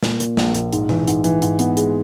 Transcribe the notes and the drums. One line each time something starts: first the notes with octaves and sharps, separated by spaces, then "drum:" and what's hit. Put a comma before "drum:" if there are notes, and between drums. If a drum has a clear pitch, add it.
A#2, drum: snare
A#2, drum: hi-hat
A#1, drum: snare
A#1, drum: hi-hat
G#2, drum: hi-hat
E3, drum: tom B2
G#2, drum: hi-hat
E3, drum: hi-hat
G#2, drum: hi-hat
B3, drum: hi-hat
G#3, drum: hi-hat